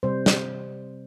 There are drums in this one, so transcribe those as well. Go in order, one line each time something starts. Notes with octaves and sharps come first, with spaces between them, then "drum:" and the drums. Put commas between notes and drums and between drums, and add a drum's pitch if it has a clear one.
C3 G3 C4 C5
drum: snare